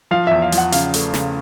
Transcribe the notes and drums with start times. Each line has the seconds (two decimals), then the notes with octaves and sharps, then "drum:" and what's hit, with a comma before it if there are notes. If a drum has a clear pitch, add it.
0.11 F3 F5
0.27 E2 E5
0.42 F5
0.52 F3, drum: hi-hat
0.58 F#5
0.72 C#3 F5, drum: hi-hat
0.94 A3, drum: hi-hat
1.14 C#3, drum: snare